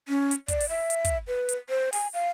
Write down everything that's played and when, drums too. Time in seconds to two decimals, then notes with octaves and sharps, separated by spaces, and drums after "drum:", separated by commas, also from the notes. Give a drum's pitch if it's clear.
0.08 C#4
0.31 drum: hi-hat
0.48 D5, drum: kick, hi-hat
0.60 drum: open hi-hat
0.69 E5
0.90 drum: hi-hat
1.05 drum: kick, hi-hat
1.28 B4
1.49 drum: hi-hat
1.70 C5
1.93 G#5, drum: open hi-hat
2.14 F5